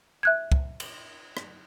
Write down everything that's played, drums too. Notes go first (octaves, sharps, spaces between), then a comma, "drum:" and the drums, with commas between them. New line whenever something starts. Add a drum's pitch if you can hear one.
E5 F#6 G#6
drum: kick
drum: cymbal
drum: rim click